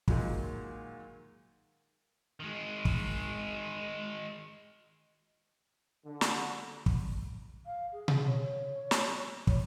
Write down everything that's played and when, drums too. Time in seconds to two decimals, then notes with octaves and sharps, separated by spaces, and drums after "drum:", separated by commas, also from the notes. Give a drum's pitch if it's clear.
0.08 A#2 D#3 F#3 G#3, drum: kick
2.40 D#3 G#3
2.85 drum: kick
6.05 D3
6.21 drum: snare
6.86 drum: kick
7.66 F5
7.93 G#4
8.08 drum: tom B2
8.27 C#5
8.91 drum: snare
9.47 C#5, drum: kick